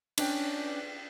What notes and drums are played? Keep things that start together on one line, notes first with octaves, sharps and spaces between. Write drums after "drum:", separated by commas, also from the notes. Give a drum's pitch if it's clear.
C#4 D4 D5 G5, drum: cymbal